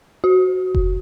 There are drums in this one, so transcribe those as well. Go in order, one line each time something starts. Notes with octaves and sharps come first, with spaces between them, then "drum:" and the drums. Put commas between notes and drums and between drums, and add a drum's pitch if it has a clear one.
F#4
drum: kick F1